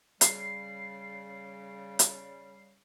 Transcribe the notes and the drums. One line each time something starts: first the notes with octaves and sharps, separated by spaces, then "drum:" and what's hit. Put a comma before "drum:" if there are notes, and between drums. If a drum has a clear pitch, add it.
C#3 G3 C7, drum: hi-hat
drum: hi-hat